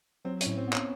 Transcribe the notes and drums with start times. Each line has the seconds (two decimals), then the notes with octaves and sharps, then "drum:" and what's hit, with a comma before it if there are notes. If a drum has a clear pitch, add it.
0.25 F#3 C4
0.41 C#4, drum: hi-hat
0.46 A2
0.57 C4
0.67 B3
0.73 C#4, drum: clap